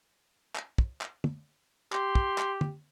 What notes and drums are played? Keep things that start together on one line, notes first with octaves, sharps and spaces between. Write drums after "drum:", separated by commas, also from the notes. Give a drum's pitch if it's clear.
drum: clap
drum: kick
drum: clap
drum: tom
G4 C6, drum: clap
drum: kick
drum: clap
drum: tom